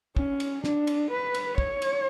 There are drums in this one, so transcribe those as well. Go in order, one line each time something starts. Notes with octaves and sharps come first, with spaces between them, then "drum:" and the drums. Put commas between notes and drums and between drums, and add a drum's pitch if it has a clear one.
C#4, drum: kick
drum: cymbal
D4, drum: snare
drum: cymbal
B4
drum: cymbal
C#5, drum: kick
drum: cymbal